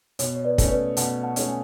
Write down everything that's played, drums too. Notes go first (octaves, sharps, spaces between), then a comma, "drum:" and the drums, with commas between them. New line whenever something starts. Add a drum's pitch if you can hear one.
B2 C#5, drum: hi-hat
C#5
B4 D5
A3 C#4, drum: kick, hi-hat
B4 D5
B2 F#5 A5, drum: hi-hat
F#5 A5
A3 C#4, drum: hi-hat
G#5